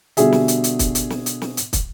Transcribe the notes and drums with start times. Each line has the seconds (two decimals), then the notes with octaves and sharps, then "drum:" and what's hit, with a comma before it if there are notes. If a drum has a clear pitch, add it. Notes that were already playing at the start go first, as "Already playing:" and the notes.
0.17 B2 D3 G3 F#4 G#4 E5, drum: hi-hat
0.32 drum: snare
0.48 drum: hi-hat
0.64 drum: hi-hat
0.79 drum: kick, hi-hat
0.95 drum: hi-hat
1.10 drum: snare
1.26 drum: hi-hat
1.42 drum: snare
1.57 drum: hi-hat
1.73 drum: kick, hi-hat